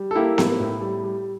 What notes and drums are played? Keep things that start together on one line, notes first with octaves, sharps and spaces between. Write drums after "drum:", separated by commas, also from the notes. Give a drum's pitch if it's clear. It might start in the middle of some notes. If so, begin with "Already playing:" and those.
Already playing: G3
A4
A#3 E4 G4
A2, drum: snare B3
A2
G3
G3